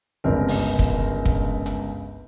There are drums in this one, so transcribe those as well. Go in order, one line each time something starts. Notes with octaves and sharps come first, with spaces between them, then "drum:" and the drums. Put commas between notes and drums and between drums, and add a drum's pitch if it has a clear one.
G1 C#2 C4 D4 A#4
drum: open hi-hat
drum: kick
drum: kick
drum: hi-hat